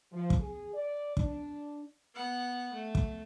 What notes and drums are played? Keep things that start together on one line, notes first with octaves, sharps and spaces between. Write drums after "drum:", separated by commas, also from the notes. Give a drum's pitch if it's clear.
F3
drum: kick
G#4
D5
D4, drum: kick
B3 F#5
A3
drum: kick